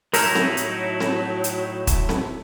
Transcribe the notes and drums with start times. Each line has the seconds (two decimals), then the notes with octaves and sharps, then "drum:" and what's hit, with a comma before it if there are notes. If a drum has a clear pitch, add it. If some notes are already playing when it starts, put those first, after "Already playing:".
0.14 A2 F#3 D#4 E4 A#4, drum: open hi-hat
0.35 drum: snare C4
0.57 drum: hi-hat
1.00 drum: snare C4
1.44 drum: hi-hat
1.87 drum: kick, hi-hat
2.09 drum: snare C4